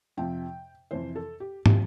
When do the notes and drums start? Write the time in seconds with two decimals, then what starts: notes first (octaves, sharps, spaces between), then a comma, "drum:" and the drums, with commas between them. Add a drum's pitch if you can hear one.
0.17 F2 C3 F3 G5
0.91 F2 C3 E3 C5
1.15 A4
1.40 G4
1.66 C3 F3 G4, drum: tom